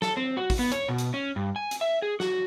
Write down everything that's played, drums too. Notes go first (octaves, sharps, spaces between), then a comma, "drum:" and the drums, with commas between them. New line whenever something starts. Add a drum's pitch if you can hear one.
A4, drum: snare
C4
F#4
drum: kick, open hi-hat
B3
C#5, drum: hi-hat
B2
drum: hi-hat
C#4
G2
G#5
drum: hi-hat
E5
G#4
F#4, drum: snare